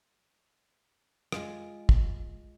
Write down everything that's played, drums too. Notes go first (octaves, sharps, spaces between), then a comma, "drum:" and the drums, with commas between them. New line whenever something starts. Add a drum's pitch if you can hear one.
G#3 F4, drum: rim click
drum: kick